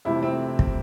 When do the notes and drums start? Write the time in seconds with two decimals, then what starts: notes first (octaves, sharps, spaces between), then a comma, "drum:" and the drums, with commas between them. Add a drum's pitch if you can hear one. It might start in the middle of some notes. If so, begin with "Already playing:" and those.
0.05 F2 C3 E3 A3 E4
0.23 C4
0.59 drum: kick